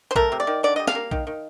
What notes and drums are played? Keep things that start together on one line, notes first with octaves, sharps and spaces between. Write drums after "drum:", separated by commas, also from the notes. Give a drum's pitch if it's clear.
C5
A3 A#4, drum: kick B1
C3
D5
D#3
D3 D5
G3 D#5
F5, drum: snare
A#3
D#3, drum: kick B1
D#3